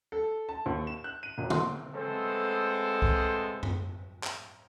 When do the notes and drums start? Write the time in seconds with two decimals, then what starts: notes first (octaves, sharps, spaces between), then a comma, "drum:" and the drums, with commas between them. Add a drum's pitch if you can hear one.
0.12 A4
0.49 A5
0.66 D#2
0.87 E7
1.04 F#6
1.23 D#7
1.38 E1
1.50 C6, drum: tom D3
1.93 G#3 A3 B3 C4 A4 C5
3.02 drum: kick C2
3.63 drum: tom F#2
4.24 drum: clap